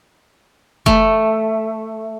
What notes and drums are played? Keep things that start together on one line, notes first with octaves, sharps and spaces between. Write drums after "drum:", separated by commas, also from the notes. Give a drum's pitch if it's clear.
A3, drum: kick F1